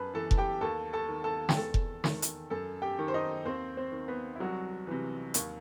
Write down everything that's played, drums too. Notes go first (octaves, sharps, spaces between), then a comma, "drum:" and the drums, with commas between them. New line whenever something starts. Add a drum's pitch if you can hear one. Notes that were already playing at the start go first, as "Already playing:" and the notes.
Already playing: F#2 B4 A5 B5
E3 A4 A5
A5, drum: kick F1
G4 G5
D#2 A4 A5
A4 A5
D#3
A4 A5
G5, drum: snare
E2 A4 A5
drum: kick F1
D#3, drum: snare
drum: hi-hat
F#2 A4 A5
G4 G5
D#3
C5
D#4 D#5
D#2 C4 C5
C4 C5
D#3
B3 B4
E4
C2 F#3 F#4
C3 E3
D#2, drum: hi-hat